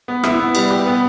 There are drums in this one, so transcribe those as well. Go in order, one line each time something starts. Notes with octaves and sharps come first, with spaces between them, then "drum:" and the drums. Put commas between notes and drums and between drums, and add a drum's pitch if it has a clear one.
B3
E4, drum: rim click
B3
G3, drum: cymbal
G4
B3